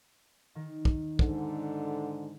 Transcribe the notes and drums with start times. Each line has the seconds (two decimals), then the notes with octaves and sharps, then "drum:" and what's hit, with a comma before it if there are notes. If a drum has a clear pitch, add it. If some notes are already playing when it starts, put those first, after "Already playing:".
0.55 D#3
0.85 drum: kick
1.19 G#2 D3, drum: kick